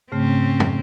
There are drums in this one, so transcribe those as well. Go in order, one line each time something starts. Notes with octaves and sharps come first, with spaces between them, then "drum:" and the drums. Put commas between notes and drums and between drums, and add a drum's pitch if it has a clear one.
G#2 C#3 A3 C4 C#4
drum: tom